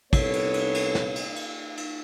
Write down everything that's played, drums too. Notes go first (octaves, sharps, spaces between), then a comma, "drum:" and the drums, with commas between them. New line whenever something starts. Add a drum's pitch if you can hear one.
C2 B3 A4 C#5, drum: kick, cymbal
drum: cymbal
drum: cymbal
drum: cymbal
drum: snare
drum: cymbal
drum: cymbal
drum: cymbal